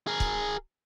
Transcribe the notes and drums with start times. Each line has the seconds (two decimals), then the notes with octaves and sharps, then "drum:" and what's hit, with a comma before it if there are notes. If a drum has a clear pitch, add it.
0.07 G#4 A#4
0.20 drum: kick